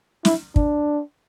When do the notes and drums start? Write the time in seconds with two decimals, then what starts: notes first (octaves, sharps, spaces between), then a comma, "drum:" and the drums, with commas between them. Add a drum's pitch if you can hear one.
0.25 E4, drum: snare
0.56 D4, drum: kick